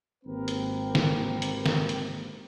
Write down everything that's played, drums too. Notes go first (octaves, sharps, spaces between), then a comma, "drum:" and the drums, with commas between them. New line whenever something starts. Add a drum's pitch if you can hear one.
G#1 A#3 C4 G4 A#4 B4
drum: hi-hat
drum: snare
drum: hi-hat
drum: snare
drum: hi-hat